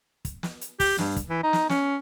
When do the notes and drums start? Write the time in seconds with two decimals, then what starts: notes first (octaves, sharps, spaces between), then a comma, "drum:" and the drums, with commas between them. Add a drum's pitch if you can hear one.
0.25 drum: kick, hi-hat
0.43 drum: snare
0.61 drum: hi-hat
0.80 G4, drum: kick, open hi-hat
0.98 G2, drum: snare
1.16 drum: kick, hi-hat
1.30 E3
1.43 D#4
1.53 drum: snare
1.70 C#4, drum: snare